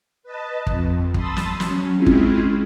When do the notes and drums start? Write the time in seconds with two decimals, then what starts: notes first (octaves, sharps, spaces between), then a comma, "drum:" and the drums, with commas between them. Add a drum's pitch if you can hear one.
0.23 B4 D#5 A5
0.67 F2, drum: kick
1.14 A5 B5 C6 D#6 E6 A6, drum: kick
1.37 drum: snare
1.60 F#3 C#4, drum: snare
1.97 G#3 C4 C#4 E4 F4 G#4
2.06 drum: kick